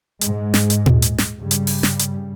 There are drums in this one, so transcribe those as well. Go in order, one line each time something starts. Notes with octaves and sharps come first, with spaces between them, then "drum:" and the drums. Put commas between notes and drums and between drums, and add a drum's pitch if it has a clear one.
G#2 G#3, drum: hi-hat
drum: snare
drum: hi-hat
drum: tom
drum: hi-hat
drum: snare
G2 C#3 G3
drum: hi-hat
drum: open hi-hat
drum: snare
drum: hi-hat